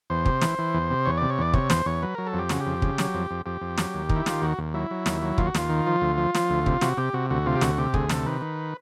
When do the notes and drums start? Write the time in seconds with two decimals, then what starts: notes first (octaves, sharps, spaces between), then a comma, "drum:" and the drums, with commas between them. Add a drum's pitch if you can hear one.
0.10 E2 C5
0.26 C3, drum: kick
0.42 E3, drum: snare
0.59 E3
0.74 E2
0.90 C3
1.05 E2 C#5
1.17 C3 D5
1.30 C#5
1.38 E2 D5
1.53 C3 C#5, drum: kick
1.70 E2 C5, drum: snare
1.86 E2 C#5
2.03 F#3 B4
2.15 F#3 A#4
2.27 A4
2.34 F2 G4
2.49 C#3 F#4, drum: snare
2.60 G4
2.66 F2
2.82 C#3, drum: kick
2.98 F#3, drum: snare
3.14 F2
3.31 F2
3.46 F2 G4
3.61 F2
3.78 F#3, drum: snare
3.94 D#2
4.09 D#3, drum: kick
4.16 E4
4.26 D#3 F4, drum: snare
4.42 D#2 F#4
4.58 D#2
4.74 F#3 E4
4.91 F#3
5.06 D#2, drum: snare
5.22 F#3
5.38 D#2 F4, drum: kick
5.47 F#4
5.55 D#2 F4, drum: snare
5.69 D#3
5.87 F3
6.01 D2
6.18 F3
6.35 F3, drum: snare
6.50 D2
6.66 C3, drum: kick
6.81 C3 F#4, drum: snare
6.97 C3 G4
7.13 C3 F#4
7.30 D2 F#4
7.46 C3 F4
7.56 G4
7.61 D2 F#4, drum: snare
7.77 C3 G4
7.94 D2 G#4, drum: kick
8.09 C3 A4, drum: snare
8.26 D#3 B4
8.41 D#3